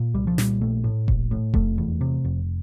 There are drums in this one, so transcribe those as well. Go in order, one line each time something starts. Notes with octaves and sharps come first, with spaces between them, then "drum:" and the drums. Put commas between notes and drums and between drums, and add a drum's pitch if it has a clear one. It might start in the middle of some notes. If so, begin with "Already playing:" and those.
Already playing: A#2
C2 G3
F3
A#2 G3, drum: snare
A#1 A3
A2
A#1, drum: kick E1
A2
F1 A3, drum: kick E1
E2
C3
F1